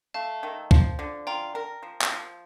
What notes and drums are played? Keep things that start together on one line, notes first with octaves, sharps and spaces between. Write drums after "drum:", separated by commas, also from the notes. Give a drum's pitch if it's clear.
A3 F5 A5
D#3
F3, drum: kick
D3
F4 G5 A#5
A#4
F3
drum: clap
F3